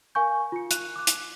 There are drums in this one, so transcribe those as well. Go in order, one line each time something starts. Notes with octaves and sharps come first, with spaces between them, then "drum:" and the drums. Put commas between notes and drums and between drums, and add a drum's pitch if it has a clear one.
A#4 F5 G#5 C#6 G6
F4 C#7
F#6, drum: hi-hat
D6 F#6
drum: hi-hat